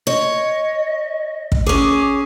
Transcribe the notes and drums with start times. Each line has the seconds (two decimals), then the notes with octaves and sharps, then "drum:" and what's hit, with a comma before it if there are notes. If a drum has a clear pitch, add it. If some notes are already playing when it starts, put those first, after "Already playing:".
0.07 C#5 D#5
1.52 drum: kick
1.67 C#4 G#4 D6